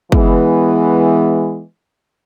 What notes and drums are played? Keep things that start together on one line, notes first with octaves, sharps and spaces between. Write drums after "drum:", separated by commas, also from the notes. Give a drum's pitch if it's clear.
E3 G#3 B3, drum: kick